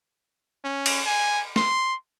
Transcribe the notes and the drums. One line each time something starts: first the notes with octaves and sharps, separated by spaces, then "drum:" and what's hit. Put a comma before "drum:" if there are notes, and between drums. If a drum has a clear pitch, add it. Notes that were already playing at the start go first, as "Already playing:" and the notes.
C#4
drum: cymbal
G#5
C6, drum: snare